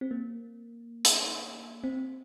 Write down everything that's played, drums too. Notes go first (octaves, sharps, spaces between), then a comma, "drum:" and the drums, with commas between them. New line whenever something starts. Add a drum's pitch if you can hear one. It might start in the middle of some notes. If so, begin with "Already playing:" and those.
C4
A#3
drum: hi-hat
C4